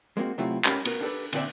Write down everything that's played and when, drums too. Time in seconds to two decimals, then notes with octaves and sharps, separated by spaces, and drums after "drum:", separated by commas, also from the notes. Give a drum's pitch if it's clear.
0.17 G#3 A#3 C4 F#4
0.38 C3 F#3 A3 C4 E4 F4
0.65 G#2 C#4 G4 A#4 B5, drum: clap
0.85 B3 F#4 A#4, drum: cymbal
1.01 D4 G4 A4 B4
1.33 A#2 D3 C4 A#4 D5 E5, drum: cymbal